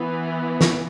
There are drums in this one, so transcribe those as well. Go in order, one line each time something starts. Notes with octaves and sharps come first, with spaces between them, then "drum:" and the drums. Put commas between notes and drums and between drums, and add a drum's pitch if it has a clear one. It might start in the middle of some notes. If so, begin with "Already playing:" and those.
Already playing: E3 B3
drum: snare